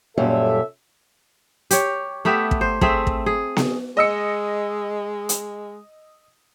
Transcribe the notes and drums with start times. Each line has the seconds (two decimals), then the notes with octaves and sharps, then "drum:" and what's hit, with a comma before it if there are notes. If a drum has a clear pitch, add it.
0.18 F#2 A#2 G3 A4 C#5 E5
1.71 G4 C#5, drum: hi-hat
2.25 A3 B3 G4 E5
2.51 drum: kick
2.61 C5
2.81 A3 C4 G#4 E5, drum: kick
3.07 drum: kick
3.26 G#4
3.57 drum: snare B3
3.97 G#3 D#5 E6 C#7
5.29 drum: hi-hat